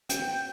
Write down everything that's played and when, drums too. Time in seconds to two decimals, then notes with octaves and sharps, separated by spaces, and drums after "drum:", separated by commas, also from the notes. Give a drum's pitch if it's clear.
0.09 G5, drum: hi-hat